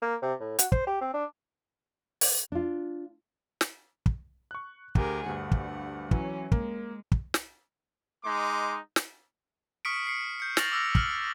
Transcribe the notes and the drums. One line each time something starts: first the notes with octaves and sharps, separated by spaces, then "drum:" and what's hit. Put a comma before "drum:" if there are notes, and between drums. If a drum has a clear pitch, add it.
A#3
C3
A2
F#4, drum: hi-hat
C5, drum: kick
G4
C4
D4
drum: open hi-hat
D4 F4
drum: snare
drum: kick
C#6 F#6
D2 G4 G#4 A#4, drum: kick
D2 G2 G3 F#5
drum: kick
E3 F#3 C#4, drum: kick
G#3 A#3, drum: kick
drum: kick
drum: snare
G#3 D#4 C6 D6
drum: snare
C#6 D#6 F6 B6 C#7 D7
C7 C#7
G6 C#7
C#6 F6 A6 A#6 F7 F#7, drum: snare
D6 E6 F6 A#6
F6 F#7, drum: kick